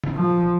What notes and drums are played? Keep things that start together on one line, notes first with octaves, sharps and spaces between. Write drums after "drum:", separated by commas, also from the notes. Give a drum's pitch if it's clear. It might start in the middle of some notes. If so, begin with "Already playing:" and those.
drum: tom C3
F3